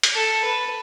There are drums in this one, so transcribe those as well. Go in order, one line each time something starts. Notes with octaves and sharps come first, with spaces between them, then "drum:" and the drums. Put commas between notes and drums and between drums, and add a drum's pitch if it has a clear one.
drum: hi-hat
A4
B4